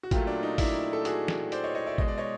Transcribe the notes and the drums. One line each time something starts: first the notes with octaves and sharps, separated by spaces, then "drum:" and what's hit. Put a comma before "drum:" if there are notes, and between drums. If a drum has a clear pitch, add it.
F#4
A#2 F#3 A3 F4 G4, drum: kick, hi-hat
D4
D#4
D4 E4, drum: kick, open hi-hat
A4
F#4 G#4, drum: hi-hat
drum: snare
C5 D5, drum: hi-hat
C#5 D#5
C#5 D#5
D5 E5
B2 G#3 D#5, drum: kick
D5
C#5 D#5